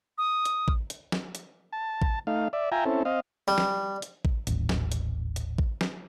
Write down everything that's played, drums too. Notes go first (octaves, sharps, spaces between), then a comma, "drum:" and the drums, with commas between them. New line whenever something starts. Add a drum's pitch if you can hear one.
D#6
drum: hi-hat
drum: kick A1
drum: hi-hat
drum: snare
drum: hi-hat
A5
drum: kick A1
A3 D#4 F5
D5 E5
F4 E5 G5 G#5 A#5
C4 C#4 E4 A4
C4 D#5 F5
G3
drum: snare
drum: hi-hat
drum: kick A1
D#1 A1, drum: hi-hat
drum: snare
drum: hi-hat
drum: hi-hat
drum: kick A1
drum: snare